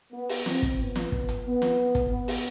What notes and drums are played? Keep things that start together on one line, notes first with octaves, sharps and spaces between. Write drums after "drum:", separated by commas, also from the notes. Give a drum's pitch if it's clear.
B3
drum: open hi-hat
C4, drum: snare
drum: kick
B3
drum: snare
drum: kick
drum: hi-hat
B3
drum: snare
drum: kick, hi-hat
B3
drum: open hi-hat